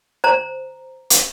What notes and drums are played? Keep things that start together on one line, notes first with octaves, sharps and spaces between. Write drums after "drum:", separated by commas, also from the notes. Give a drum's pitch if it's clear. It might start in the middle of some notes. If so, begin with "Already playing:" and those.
C5 A#5
drum: hi-hat